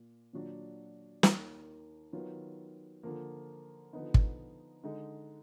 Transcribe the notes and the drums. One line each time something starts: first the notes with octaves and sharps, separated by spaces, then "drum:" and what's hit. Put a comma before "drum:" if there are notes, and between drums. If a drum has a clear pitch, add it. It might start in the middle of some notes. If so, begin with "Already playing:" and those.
Already playing: A#2
A#2 F#3 D4 F#4
D#2 D#3 A#3, drum: snare
D#3 F#3 B3 F4
D3 F3 A#3
D3 F3 B3 D#4
drum: kick
D3 G#3 D#4